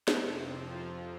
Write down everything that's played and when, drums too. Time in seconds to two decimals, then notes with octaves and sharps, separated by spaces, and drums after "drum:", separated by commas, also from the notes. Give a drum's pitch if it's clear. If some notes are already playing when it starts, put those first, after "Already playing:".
0.08 drum: snare
0.18 F2 C3 F3 C4
0.55 F3 F4